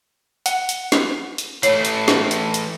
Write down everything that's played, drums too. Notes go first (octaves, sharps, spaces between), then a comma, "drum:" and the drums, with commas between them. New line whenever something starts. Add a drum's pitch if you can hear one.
F#5, drum: hi-hat
drum: hi-hat
drum: snare
drum: hi-hat
E3 A3 C#5 C7, drum: hi-hat
drum: hi-hat
drum: snare
drum: hi-hat
drum: hi-hat